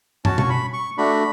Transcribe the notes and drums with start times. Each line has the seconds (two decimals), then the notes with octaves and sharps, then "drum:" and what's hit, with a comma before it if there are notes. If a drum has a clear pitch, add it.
0.25 C#4 F#4 A5, drum: tom
0.38 C#6, drum: tom
0.49 B5
0.73 C#6
0.98 A3 D4 F#4 B5